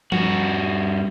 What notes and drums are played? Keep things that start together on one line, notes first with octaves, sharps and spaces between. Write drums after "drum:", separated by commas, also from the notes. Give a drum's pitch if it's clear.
G2 F#4, drum: tom F3